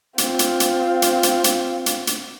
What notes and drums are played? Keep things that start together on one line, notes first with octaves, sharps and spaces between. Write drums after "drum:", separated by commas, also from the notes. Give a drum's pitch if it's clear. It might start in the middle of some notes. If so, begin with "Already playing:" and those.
C4 F4, drum: hi-hat
drum: hi-hat
drum: hi-hat
drum: hi-hat
drum: hi-hat
drum: hi-hat
drum: hi-hat
drum: hi-hat